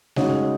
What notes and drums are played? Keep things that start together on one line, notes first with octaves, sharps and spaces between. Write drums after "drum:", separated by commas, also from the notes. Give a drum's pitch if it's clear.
C#3 G#3 D#4 F#4 C#5, drum: snare G3